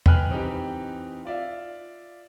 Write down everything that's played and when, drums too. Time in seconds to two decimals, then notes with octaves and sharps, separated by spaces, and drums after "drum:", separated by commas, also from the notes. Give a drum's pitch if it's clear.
0.06 B4 D#5 G5 G#5 F6 F#6, drum: tom
0.29 E3 C4 D#4 G4 B4
1.25 F4 D5 E5 F5